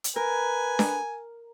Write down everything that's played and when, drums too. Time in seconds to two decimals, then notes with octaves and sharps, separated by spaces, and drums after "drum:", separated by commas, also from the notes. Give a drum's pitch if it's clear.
0.04 drum: hi-hat
0.16 A#4 B4 G#5
0.79 drum: snare D4